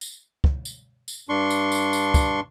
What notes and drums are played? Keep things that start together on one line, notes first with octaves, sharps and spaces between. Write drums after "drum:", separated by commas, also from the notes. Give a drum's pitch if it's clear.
drum: tambourine
drum: kick
drum: tambourine
drum: tambourine
G2 D4 C6 C#6
drum: tambourine
drum: tambourine
drum: tambourine
drum: kick, tambourine